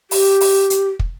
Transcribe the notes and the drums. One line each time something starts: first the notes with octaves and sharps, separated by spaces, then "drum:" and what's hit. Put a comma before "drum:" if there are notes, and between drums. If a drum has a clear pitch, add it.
G4, drum: open hi-hat
drum: open hi-hat
drum: hi-hat
drum: kick